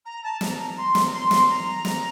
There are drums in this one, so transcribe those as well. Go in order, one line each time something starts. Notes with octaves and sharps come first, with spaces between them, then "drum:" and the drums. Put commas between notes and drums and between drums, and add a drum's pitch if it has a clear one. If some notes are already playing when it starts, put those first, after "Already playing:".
A#5
A5
A#5, drum: snare
A#5
C6
drum: snare
A#5
C6
drum: snare
A#5
drum: snare